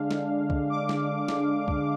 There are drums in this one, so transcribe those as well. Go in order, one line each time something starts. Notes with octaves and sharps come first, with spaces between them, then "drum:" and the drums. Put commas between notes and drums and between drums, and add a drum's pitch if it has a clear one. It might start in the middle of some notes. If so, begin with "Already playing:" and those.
Already playing: D3 G#3 D4 F5
drum: snare
drum: kick C2
D6
drum: snare
drum: snare
drum: kick C2